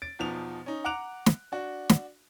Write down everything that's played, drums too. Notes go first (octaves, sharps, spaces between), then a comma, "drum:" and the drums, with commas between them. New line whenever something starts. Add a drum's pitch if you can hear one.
A6 D7
E2 B2 F3 D#4 F7
C#4 D#4
F#5 A#5 D6 F#6 D7 F7
drum: snare
D4 F#4
drum: snare